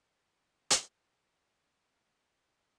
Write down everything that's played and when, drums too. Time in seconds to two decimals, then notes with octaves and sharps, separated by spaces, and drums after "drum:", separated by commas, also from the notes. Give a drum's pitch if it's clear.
0.18 A#4 F#5 C6
0.70 drum: hi-hat